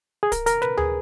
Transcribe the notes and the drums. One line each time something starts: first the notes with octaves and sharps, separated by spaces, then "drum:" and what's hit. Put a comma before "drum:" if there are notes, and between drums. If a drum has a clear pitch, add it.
G#4
A#4, drum: kick D1, hi-hat
A#4, drum: hi-hat
B4, drum: snare
G#4, drum: tom D2